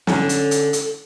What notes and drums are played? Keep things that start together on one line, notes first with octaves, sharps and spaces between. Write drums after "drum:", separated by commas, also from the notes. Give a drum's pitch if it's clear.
D3 C#4, drum: snare
drum: hi-hat
drum: hi-hat
drum: hi-hat